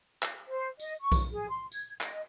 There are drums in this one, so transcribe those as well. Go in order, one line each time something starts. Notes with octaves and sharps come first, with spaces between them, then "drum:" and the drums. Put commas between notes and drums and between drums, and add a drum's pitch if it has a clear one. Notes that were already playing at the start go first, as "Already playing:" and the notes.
drum: clap
C5
D#5, drum: tambourine
C#6
drum: kick B1, tambourine
G#4
C6
G#6, drum: tambourine
D#5, drum: clap